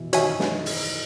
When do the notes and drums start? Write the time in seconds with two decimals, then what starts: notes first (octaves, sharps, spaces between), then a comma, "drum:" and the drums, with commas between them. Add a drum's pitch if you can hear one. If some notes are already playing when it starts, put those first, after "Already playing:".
Already playing: B2 E3 E4
0.13 D#3 D#4 F#4 C#5 E5 G#5, drum: hi-hat
0.40 drum: snare
0.66 drum: open hi-hat